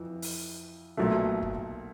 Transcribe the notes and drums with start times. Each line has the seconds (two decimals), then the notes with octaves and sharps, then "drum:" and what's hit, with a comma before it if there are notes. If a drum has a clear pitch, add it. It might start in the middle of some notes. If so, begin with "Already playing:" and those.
Already playing: F2 E3
0.22 drum: open hi-hat
0.97 B1 A#2 F#3 A3
1.43 drum: kick